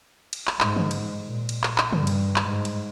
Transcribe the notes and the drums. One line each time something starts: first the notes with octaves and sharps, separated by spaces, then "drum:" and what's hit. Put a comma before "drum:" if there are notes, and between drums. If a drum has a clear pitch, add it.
drum: cymbal
drum: clap
G#2, drum: clap
drum: tom
drum: cymbal
A#2
drum: cymbal
drum: clap
drum: clap
G2, drum: tom
drum: cymbal
drum: clap
G#2
drum: cymbal